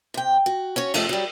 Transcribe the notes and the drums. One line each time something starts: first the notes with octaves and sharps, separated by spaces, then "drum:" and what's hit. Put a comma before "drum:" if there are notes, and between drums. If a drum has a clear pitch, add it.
C3 G5
F#4
C#4 F#4 C#5
F2 C3 F3 G#3 A3 C#4, drum: cymbal
F#3 G3